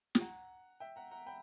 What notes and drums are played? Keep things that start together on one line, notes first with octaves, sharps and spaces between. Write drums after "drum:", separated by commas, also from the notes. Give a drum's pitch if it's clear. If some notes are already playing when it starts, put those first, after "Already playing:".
G5, drum: snare
F#5 A#5
E5 G5
F#5 A#5
F#5 A#5
G5 B5